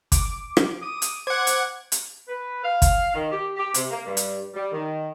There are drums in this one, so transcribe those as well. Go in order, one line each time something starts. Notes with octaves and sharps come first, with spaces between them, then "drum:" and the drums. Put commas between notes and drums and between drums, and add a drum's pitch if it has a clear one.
D6, drum: kick, hi-hat
drum: rim click
D#6
drum: hi-hat
C5 F#5 D6 G#6
drum: hi-hat
drum: hi-hat
B4
F5
drum: kick, hi-hat
D#3
G4
G4
C3, drum: hi-hat
A#3
G2
drum: hi-hat
G3
D#3